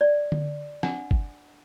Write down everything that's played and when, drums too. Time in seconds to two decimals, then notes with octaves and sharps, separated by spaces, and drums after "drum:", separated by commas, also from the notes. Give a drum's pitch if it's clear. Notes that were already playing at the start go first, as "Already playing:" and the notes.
0.01 D5
0.32 drum: tom D3
0.83 D4 F#5, drum: snare
1.11 drum: kick